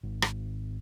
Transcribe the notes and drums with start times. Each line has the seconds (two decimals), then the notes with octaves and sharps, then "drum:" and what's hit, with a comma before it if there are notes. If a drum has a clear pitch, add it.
0.03 G#1
0.22 drum: rim click